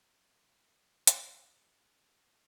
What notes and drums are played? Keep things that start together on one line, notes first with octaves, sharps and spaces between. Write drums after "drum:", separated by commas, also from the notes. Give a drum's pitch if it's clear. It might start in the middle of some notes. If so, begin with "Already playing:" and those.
Already playing: F#3 B3
B3
D#4
G#3, drum: hi-hat
D#4
B3
B3